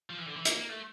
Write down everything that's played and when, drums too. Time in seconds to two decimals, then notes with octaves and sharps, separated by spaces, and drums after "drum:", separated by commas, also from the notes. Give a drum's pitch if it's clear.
0.10 F3
0.18 E3
0.27 D3
0.36 E3
0.45 A#3, drum: hi-hat
0.57 A#3
0.69 A3